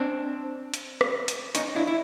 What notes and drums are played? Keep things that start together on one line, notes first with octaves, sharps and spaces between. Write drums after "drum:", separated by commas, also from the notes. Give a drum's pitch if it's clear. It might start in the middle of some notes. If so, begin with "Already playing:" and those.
Already playing: C4 D4
drum: hi-hat
drum: rim click
drum: hi-hat
C#4 D#4, drum: hi-hat
D4 E4
E4